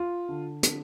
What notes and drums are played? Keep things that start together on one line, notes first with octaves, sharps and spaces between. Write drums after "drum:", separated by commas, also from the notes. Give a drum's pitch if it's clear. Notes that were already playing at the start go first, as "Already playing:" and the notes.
Already playing: F4
D3
D3, drum: hi-hat